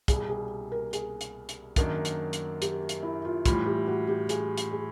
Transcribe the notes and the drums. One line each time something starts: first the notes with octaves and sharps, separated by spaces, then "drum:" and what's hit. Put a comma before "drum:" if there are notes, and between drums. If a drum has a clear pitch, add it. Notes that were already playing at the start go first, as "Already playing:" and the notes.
C2 B2 G3 G#4, drum: kick, hi-hat
G#4
A#4
G#4, drum: hi-hat
drum: hi-hat
drum: hi-hat
F#2 D#3 F#3 A#3 D4, drum: kick, hi-hat
drum: hi-hat
drum: hi-hat
G4, drum: hi-hat
drum: hi-hat
E4
F4
A2 E3 G3 F4, drum: kick, hi-hat
G4
F#4
G4
G#4, drum: hi-hat
drum: hi-hat
G#4